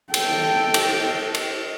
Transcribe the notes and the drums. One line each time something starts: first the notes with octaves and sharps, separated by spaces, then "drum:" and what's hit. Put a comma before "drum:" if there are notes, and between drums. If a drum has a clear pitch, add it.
A4 G5, drum: cymbal
drum: cymbal
drum: cymbal